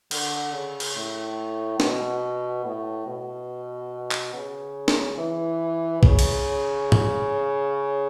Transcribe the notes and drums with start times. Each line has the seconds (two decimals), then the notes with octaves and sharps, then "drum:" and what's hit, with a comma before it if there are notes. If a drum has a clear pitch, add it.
0.11 D3, drum: cymbal
0.53 C#3
0.80 drum: cymbal
0.96 A2
1.80 B2, drum: snare
2.65 A2
3.07 B2
4.11 drum: clap
4.34 C#3
4.88 drum: snare
5.18 E3
6.03 C#3, drum: kick A#1
6.19 drum: cymbal
6.92 drum: tom G#2